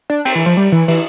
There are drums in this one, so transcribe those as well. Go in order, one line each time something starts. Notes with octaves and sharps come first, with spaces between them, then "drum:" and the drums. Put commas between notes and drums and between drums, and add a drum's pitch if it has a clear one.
D4
C4, drum: cymbal
E3
F3
G3
E3
E3, drum: cymbal